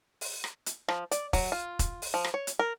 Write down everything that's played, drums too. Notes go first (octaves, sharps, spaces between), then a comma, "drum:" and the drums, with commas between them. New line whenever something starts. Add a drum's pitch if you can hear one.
drum: open hi-hat
drum: rim click
drum: hi-hat
F3, drum: rim click
D5, drum: hi-hat
F#3, drum: kick E1, open hi-hat
F4
drum: kick E1, hi-hat
drum: open hi-hat
F3
drum: rim click
C#5
drum: hi-hat
A#4